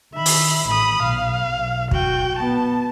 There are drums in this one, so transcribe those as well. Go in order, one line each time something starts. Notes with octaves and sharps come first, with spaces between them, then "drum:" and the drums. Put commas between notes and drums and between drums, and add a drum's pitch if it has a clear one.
D#3 E5 B5
drum: open hi-hat
A1 B5 D#6
B1 F5
B1
F#4 G5, drum: kick
B3 A5